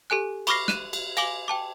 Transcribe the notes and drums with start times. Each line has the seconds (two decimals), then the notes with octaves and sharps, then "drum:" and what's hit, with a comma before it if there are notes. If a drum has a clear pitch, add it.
0.10 G4 A4 G#5 F#6
0.47 B5 C#6 D6 F6 A#6 C7, drum: cymbal
0.68 F#6 D#7 E7, drum: snare
0.93 drum: cymbal
1.17 F5 G#5 D6 F#7, drum: cymbal
1.48 G5 A5 D6